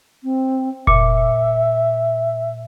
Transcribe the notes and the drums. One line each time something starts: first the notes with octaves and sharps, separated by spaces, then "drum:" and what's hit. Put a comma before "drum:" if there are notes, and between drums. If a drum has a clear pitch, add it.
C4
A#2 E5, drum: kick F1